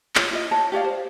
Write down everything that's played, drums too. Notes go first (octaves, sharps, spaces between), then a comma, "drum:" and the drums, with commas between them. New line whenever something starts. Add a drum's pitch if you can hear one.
F4 C#5, drum: clap
E4 F4 D#5
C#5 D#5 A5
G4 C#5 D5 F5
C5